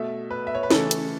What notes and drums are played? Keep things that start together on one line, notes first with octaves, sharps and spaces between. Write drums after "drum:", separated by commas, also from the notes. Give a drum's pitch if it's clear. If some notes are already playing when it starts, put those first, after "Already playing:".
Already playing: B2 A3 E5
B4
E5
C#5
B4
C#3 E3 A3 A4, drum: snare
drum: hi-hat